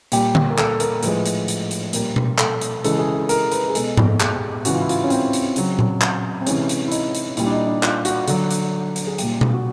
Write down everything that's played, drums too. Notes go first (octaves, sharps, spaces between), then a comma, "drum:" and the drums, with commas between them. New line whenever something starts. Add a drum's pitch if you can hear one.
A#2 G3 G4, drum: hi-hat
drum: tom D3
A#4
A4, drum: clap
A#4, drum: hi-hat
A2 F3 G#3 B4, drum: hi-hat
drum: hi-hat
drum: hi-hat
drum: hi-hat
A#2 G3 A#4, drum: hi-hat
drum: tom B2
A4, drum: clap
drum: hi-hat
C#3 E3 G#3 A4, drum: hi-hat
G#4
A4
A#4, drum: hi-hat
B4, drum: hi-hat
G#4
B2 G#3 A4, drum: hi-hat
drum: tom G#2
G#4, drum: clap
G4
C#3 E3 G#3 F#4, drum: hi-hat
F4
E4
F4, drum: hi-hat
C#4
C4, drum: hi-hat
drum: hi-hat
C#3 F#3, drum: hi-hat
drum: tom A#2
drum: clap
C4
C3 E3 G#3 C#4, drum: hi-hat
drum: hi-hat
E4
D#4, drum: hi-hat
drum: hi-hat
A#2 G3 E4, drum: hi-hat
D4
D#4
D4
F4, drum: clap
F#4, drum: hi-hat
D3 F#3, drum: hi-hat
drum: hi-hat
drum: hi-hat
G#4
A#2 G3 G4, drum: hi-hat
drum: tom B2
F#4